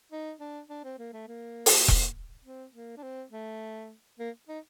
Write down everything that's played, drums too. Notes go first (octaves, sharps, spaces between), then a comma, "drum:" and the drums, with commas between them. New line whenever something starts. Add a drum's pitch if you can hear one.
D#4
D4
D4
C4
A#3
A3
A#3
drum: open hi-hat
drum: kick E1
C4
A#3
D4
C4
A3
A#3
D#4